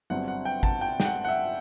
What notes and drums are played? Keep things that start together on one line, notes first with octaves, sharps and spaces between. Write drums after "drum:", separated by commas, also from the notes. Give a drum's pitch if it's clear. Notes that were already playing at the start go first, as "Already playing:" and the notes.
G1 G2 F#3 C4 F#5
F#5
G5
A5, drum: kick
G5
G5, drum: snare
F#5
F#5
E5